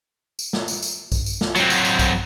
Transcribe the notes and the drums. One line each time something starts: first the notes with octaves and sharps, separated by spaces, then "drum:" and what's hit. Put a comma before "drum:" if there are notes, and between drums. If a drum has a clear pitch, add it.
drum: tambourine
drum: snare
drum: tambourine
drum: tambourine
drum: kick B1, tambourine
drum: tambourine
drum: snare
F#3 C4, drum: tambourine
drum: tambourine
drum: tambourine
drum: kick B1, tambourine